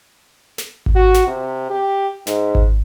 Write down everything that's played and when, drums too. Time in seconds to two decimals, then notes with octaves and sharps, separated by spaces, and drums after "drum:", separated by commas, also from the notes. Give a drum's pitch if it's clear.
0.58 drum: snare
0.86 drum: kick G#1
0.96 F#4
1.14 drum: snare
1.27 C3
1.70 G4
2.27 G#2, drum: snare
2.55 drum: kick G#1